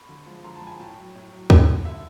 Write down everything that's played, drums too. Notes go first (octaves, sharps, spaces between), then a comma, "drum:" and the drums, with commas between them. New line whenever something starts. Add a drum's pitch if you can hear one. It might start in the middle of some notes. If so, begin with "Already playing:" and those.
Already playing: B5 C#6
D3
F3 G#3
D3 A#5 C6
A5 B5
F3 G#3
G#5 A#5
A2 G5 A5
F#3
A2
F#3
D3 F#5 G#5, drum: kick
G3
D3 E5